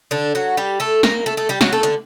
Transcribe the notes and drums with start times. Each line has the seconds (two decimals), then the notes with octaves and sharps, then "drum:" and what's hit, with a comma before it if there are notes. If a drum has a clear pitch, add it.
0.11 D3 D4
0.35 F#3 F#4
0.57 G3 G4
0.80 A3 A4
1.03 A#3 A#4, drum: snare
1.26 A3 A4
1.37 A3 A4
1.49 G3 G4
1.61 F#3 F#4, drum: snare
1.72 A3 A4
1.83 D3 D4, drum: hi-hat